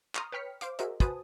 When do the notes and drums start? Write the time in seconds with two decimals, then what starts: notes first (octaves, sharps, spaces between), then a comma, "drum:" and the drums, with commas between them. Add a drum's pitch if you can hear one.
0.15 A#5 C6 C#6 D#6 F6, drum: clap
0.32 B4 C#5 G5 F6 B6 C#7
0.61 C5 F5 D6, drum: hi-hat
0.79 F#4 G#4 A#4 C5 D#5 E5, drum: hi-hat
1.00 F#4 B4 C5 G#5 A5 D#6, drum: kick, hi-hat